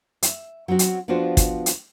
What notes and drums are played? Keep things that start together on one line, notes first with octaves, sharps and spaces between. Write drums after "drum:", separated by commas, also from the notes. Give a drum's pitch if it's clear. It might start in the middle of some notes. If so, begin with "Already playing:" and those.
E5, drum: hi-hat
F#3 C4 C#4 F#4
drum: hi-hat
F3 B3 D4 F4 F#4 C5
drum: kick, hi-hat
drum: hi-hat